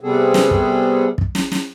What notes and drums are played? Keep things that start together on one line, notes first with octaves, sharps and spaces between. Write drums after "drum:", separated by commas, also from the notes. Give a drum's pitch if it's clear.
C3 G3 B3 C4 G#4 A4
drum: snare
drum: kick
drum: kick
drum: snare
drum: snare